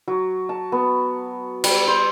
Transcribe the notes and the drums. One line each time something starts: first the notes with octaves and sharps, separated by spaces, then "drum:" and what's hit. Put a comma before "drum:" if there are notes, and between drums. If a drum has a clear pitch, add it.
F#3
A5
B3
G3, drum: cymbal
C5